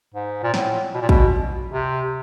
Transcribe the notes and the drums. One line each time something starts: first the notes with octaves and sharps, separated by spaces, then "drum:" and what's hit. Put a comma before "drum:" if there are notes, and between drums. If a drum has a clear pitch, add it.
G#2
A#2
A2, drum: snare
B2
A#2
B2, drum: kick
C3